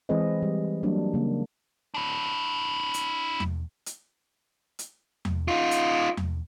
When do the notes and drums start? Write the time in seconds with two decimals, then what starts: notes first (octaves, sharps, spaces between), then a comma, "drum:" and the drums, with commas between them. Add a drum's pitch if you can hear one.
0.09 E3 G#3 C4 G#4 B4 D#5
0.42 G3
0.83 F#3 G3 A#3 D4
1.14 C#3 A#3
1.94 D4 E4
2.94 drum: hi-hat
3.40 drum: tom E2
3.86 drum: hi-hat
4.79 drum: hi-hat
5.25 drum: tom E2
5.48 D#4 F4
5.71 drum: hi-hat
6.17 drum: tom E2